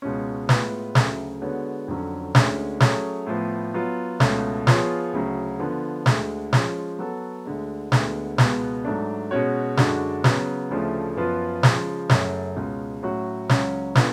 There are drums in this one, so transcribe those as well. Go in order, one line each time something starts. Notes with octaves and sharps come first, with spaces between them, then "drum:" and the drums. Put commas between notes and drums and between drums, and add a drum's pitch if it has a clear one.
C#2 B2 G#3 C#4
A2 G#3 B3 F4 B4, drum: snare
D2 C#3 F#3 A3 C#4, drum: snare
D3 G#3 B3 F#4 C#5
F2 D3 F#3 C#4
D2 D3 G#3 C#4, drum: snare
F#3 A3 C#4 G#4 C#5, drum: snare
A2 F3 B3
F#3 B3 F4
C#2 B2 A3 C#4, drum: snare
F3 B3 F4 G#4 C#5, drum: snare
D2 C#3 F#3
D3 F3 B3
D2 D3 G#3, drum: snare
F3 G#3 C#4, drum: snare
F#3 B3 F#4 A4
D2 D3 G#3
D2 D3 G#3 B3, drum: snare
C#2 B2 G#3 B3, drum: snare
G#2 F#3 A3 D4
B2 G#3 C#4 F#4 C#5
F#2 D3 G#3 D4 F#4, drum: snare
C#3 F#3 B3, drum: snare
D2 C#3 F3 A3 D4
F#2 F3 B3 F4 B4
C#3 F3 G#3, drum: snare
F#2 C#3 F#3 A3, drum: snare
C#2 B2 G#3 C#4
A2 F#3 C#4 F#4 C#5
C#2 C#3 F#3 C#4, drum: snare
D3 F3 B3 F4, drum: snare